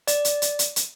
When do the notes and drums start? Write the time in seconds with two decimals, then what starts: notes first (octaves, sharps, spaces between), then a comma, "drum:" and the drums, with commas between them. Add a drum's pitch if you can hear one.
0.07 D5, drum: hi-hat
0.25 drum: hi-hat
0.42 drum: hi-hat
0.59 drum: hi-hat
0.76 drum: hi-hat